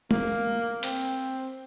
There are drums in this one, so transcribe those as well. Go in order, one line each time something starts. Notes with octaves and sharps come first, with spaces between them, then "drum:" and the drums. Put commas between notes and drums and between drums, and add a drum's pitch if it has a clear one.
A#3, drum: tom
C4, drum: hi-hat